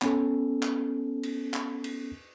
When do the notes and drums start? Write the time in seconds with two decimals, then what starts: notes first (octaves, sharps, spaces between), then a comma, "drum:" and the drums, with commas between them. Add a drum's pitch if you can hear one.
0.02 B3 C#4 A4, drum: clap
0.63 drum: clap
1.23 drum: cymbal
1.54 drum: clap
1.84 drum: cymbal